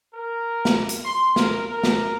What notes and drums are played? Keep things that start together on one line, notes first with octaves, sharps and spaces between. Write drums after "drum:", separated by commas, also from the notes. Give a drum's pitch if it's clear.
A#4
drum: snare
drum: hi-hat
C6
A#4, drum: snare
A#4
drum: snare